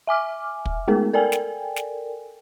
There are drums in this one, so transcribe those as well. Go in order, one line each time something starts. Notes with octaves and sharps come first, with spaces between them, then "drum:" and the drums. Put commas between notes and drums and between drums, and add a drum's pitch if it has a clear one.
E5 G#5 D6 F6
drum: kick
G#3 A3 B3 D#4 G#4 A#4
A4 A#4 D5 G5 G#5
drum: snare
drum: snare